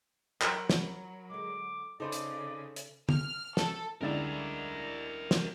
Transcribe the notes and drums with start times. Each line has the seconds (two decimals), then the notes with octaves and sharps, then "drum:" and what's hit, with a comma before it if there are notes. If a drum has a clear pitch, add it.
0.41 F#3 A#4 A#5 B5, drum: clap
0.70 drum: snare
1.30 D3 G#3 D6
2.00 C#3 D#4 A4 C5 D5 B5
2.12 drum: hi-hat
2.76 drum: hi-hat
3.09 F6, drum: tom D3
3.57 A4, drum: snare
4.01 C#2 D3 D#4 E4 A#4 D5 E5 A6
5.31 drum: snare